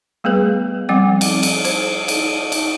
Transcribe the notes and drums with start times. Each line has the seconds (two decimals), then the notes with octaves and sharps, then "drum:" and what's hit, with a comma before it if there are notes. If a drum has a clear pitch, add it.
0.24 G3 A3 B3 G#4 B4
0.89 F3 G3 C4 F#5 D6
1.21 drum: cymbal
1.43 drum: cymbal
1.65 C5, drum: cymbal
2.08 drum: cymbal
2.52 drum: cymbal